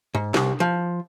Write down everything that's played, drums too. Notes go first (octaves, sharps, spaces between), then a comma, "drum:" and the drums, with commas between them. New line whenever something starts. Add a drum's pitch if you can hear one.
G#2
C2, drum: snare
F3